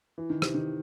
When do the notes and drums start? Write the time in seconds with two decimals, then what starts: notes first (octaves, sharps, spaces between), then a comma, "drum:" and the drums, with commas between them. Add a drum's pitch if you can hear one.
0.18 E3
0.30 D#3
0.42 C3, drum: rim click
0.54 D#3